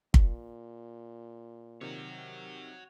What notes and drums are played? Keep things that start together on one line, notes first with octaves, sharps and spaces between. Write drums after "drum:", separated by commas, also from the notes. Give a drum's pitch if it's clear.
A#2, drum: kick
C3 D#3 F#4 C#5